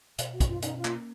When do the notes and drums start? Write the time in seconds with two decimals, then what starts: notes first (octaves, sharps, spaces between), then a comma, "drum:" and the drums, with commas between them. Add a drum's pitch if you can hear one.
0.18 B2, drum: hi-hat
0.33 F#4
0.40 B2, drum: kick, hi-hat
0.48 F4
0.62 C#4 D#4, drum: hi-hat
0.77 F4
0.85 A#3, drum: clap